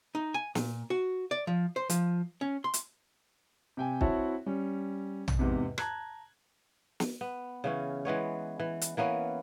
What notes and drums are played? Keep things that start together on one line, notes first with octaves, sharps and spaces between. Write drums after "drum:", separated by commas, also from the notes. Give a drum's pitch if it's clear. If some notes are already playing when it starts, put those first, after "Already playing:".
D#4
G#5
A#2, drum: snare
F#4
D5
F3
C5
F3, drum: hi-hat
C#4
C6
drum: hi-hat
C3 G5 G#5
C4 E4 F#4 C#5 E5 A5, drum: kick
G3 C#4
drum: tom A#1
E2 G#2 C3
A5 A#5 F#6 G#6, drum: rim click
drum: snare
B3
C#3 E3 C#4
E3 G#3 B3 C#5
E3
drum: hi-hat
E3 A#3 B3 C#4